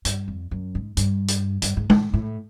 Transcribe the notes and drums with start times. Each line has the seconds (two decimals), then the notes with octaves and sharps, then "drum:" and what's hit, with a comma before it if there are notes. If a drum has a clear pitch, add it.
0.05 G2, drum: hi-hat
0.28 F2
0.51 F#2
0.75 G#2
0.97 G2, drum: hi-hat
1.28 drum: hi-hat
1.62 G2, drum: hi-hat
1.77 G#2
1.90 A2, drum: tom G#3
2.14 A2